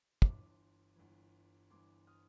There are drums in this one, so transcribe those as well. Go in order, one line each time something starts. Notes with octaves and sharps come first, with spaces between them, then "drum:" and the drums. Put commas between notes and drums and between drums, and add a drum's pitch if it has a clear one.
G1 G2 E3 C6 D6, drum: kick
G1 G2 E3
G1 G2 E3 C6 D6
D#6 F6